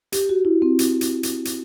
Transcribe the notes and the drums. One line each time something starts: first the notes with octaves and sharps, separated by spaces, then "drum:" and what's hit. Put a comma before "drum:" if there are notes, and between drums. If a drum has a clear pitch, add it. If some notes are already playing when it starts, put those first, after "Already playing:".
G4, drum: hi-hat
F#4
E4
C4
drum: hi-hat
drum: hi-hat
drum: hi-hat
drum: hi-hat